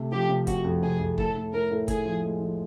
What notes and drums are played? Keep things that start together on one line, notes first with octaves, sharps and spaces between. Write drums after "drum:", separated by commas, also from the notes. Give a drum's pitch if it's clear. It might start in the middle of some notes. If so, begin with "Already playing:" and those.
Already playing: C3 A3
F3 G4
C3
C3 F#4, drum: kick F#1, hi-hat
F2
C3 G#4
F2
A2 A4, drum: kick F#1
A2
A2 A#4
A2
A2 G#4, drum: kick F#1, hi-hat
F3
G#3
F3